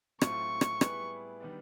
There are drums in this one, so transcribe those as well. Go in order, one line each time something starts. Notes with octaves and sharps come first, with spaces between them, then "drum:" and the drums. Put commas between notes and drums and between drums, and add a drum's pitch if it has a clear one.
A2 F#3 A3 C4 F4 C#6, drum: rim click
drum: rim click
G3 B3 E4 G#4 B4, drum: rim click
D#3 G3 B3 D4